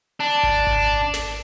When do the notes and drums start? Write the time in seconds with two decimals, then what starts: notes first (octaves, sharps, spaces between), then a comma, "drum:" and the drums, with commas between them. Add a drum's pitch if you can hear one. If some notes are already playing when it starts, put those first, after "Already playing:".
0.20 D4
0.43 drum: kick G#1
0.67 drum: kick G#1
1.14 drum: snare